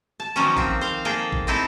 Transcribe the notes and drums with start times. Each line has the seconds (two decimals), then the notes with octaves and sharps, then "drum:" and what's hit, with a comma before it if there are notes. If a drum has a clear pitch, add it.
0.20 A5
0.36 D#3 F3 F#3 A#3 B3 C#4
0.57 A#3 C4, drum: kick A1
0.81 C5 F5
1.05 A#3 G#4 A4 G5
1.32 drum: kick A1
1.47 C4 D#4 E4 A4